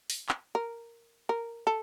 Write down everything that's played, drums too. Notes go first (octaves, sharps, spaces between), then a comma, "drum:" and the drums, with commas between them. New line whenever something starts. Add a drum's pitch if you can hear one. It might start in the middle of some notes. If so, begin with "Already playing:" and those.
drum: open hi-hat
drum: clap
A#4
A#4
A4